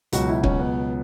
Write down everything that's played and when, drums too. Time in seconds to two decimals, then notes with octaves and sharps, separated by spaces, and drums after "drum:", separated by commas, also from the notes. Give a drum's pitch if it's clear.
0.12 C#2 B2 F#3 F#4, drum: hi-hat
0.28 E4
0.44 C#4, drum: kick
0.60 B3